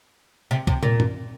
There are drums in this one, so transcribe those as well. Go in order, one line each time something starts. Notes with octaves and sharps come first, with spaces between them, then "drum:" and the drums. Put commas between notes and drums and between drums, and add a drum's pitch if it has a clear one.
C3
C3, drum: kick
A#2, drum: tom
drum: tom G2